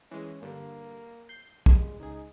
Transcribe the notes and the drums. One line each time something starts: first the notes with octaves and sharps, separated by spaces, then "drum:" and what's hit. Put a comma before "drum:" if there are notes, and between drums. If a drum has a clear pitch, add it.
E3 G#3 C#4
G2 D3 A#3
G6 C7
G2 A#2 G#3, drum: kick
C#2 D#4 G#4